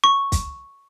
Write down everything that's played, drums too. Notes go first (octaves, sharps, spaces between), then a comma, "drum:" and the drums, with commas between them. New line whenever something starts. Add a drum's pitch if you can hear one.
C#6
drum: kick, hi-hat